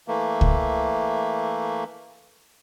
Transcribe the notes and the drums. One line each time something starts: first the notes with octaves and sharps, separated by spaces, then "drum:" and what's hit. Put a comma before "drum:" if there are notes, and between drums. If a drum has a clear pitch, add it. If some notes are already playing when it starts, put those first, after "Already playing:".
E3 A3 A#3
drum: kick C#2